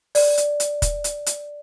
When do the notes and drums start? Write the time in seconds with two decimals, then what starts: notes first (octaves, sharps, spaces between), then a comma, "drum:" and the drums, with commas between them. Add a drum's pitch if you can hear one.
0.15 D5, drum: open hi-hat
0.38 drum: hi-hat
0.60 drum: hi-hat
0.82 drum: kick, hi-hat
1.04 drum: hi-hat
1.26 drum: hi-hat